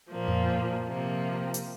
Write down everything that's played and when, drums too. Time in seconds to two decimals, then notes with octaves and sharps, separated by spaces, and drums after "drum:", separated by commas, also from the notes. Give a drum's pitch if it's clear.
0.12 A#2 F3 A#3
0.28 drum: tom F2
0.86 C3 F3 A#3
1.54 drum: hi-hat